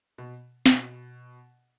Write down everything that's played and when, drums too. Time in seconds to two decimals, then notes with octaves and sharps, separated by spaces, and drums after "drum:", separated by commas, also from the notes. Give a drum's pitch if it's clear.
0.18 B2
0.66 B2, drum: snare